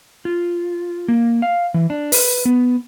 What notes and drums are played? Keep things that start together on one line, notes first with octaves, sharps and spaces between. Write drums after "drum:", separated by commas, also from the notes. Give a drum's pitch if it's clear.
F4
A#3
F5
E3
D4
B4, drum: open hi-hat
B3